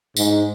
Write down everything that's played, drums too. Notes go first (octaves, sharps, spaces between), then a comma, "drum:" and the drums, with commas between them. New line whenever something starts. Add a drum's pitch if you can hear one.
G#2, drum: tambourine